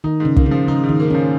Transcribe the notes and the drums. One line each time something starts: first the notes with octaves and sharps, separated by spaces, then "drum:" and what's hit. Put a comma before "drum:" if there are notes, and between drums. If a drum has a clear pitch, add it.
D#3 D#4
G#2
C#3
A#3, drum: kick
C#3
F3
C#3 D#4
G#2
D#3
A#3
F3 C#4